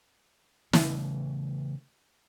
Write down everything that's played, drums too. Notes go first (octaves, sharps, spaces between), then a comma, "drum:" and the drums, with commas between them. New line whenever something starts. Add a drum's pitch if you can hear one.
C#3 E3 G3 A3, drum: snare